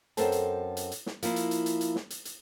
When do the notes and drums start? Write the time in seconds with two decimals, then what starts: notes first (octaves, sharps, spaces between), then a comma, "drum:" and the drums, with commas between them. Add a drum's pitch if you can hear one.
0.17 F#2 C4 A4 A#4 C5 A5, drum: hi-hat
0.32 drum: hi-hat
0.77 drum: hi-hat
0.92 drum: hi-hat
1.06 drum: snare
1.23 F3 A#3 E4, drum: hi-hat
1.36 drum: hi-hat
1.51 drum: hi-hat
1.66 drum: hi-hat
1.81 drum: hi-hat
1.96 drum: snare
2.10 drum: hi-hat
2.25 drum: hi-hat